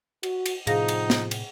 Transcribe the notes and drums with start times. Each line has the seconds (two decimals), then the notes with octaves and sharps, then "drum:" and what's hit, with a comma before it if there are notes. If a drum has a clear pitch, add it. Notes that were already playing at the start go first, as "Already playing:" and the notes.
0.23 F#4, drum: cymbal
0.46 drum: cymbal
0.67 A2 C3 F3 D#4 G#4 F5 A#6, drum: cymbal
0.88 drum: cymbal
1.10 drum: snare
1.31 drum: cymbal